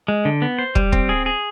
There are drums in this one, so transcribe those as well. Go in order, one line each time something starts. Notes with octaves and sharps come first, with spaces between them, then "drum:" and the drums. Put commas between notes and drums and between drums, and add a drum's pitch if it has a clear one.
G#3
D3
B3
C5
G3, drum: kick
C4, drum: kick
G#4
G#4